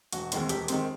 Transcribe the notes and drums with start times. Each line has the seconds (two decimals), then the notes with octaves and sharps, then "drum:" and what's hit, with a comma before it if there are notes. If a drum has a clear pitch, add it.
0.13 E1 F#4, drum: hi-hat
0.32 D#2 D#3 G#3 C4, drum: hi-hat
0.49 E1 G4, drum: hi-hat
0.68 D#3 G#3 C4, drum: hi-hat